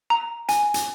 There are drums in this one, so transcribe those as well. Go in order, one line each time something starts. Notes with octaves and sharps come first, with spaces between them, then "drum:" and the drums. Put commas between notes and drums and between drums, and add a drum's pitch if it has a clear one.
A#5
G#5, drum: hi-hat
drum: hi-hat